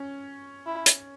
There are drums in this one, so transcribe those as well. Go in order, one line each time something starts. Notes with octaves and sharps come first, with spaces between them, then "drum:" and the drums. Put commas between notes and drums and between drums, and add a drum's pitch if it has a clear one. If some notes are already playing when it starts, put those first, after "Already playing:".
Already playing: C#4
E4
drum: hi-hat